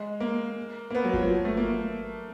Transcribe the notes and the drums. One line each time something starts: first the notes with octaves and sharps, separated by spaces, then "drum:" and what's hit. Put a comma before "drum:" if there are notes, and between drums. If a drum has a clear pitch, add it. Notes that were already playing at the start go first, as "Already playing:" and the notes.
Already playing: G#3
A#3
A#3
B3
F#3
F3, drum: kick G1
F#3
A3
A#3